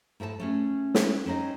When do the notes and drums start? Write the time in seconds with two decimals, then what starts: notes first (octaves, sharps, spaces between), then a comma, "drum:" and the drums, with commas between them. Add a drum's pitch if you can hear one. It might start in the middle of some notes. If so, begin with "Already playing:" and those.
0.20 G#2 E4 A4 C5 A5
0.40 A3 C#4 G#4
0.95 drum: snare
1.26 C4 C#4 D#4 G#4 D#5